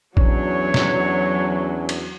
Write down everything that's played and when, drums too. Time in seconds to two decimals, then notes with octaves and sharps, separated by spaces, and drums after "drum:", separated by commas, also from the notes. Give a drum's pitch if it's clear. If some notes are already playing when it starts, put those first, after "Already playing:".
0.17 E2 F#3 C#4 D4 C#5, drum: kick A1
0.74 drum: snare
1.89 drum: cymbal